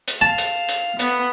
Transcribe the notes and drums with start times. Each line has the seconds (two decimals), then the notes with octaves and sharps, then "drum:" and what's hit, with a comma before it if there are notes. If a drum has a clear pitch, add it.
0.08 drum: hi-hat
0.21 F5 A5
0.38 drum: hi-hat
0.69 drum: hi-hat
0.99 B3, drum: hi-hat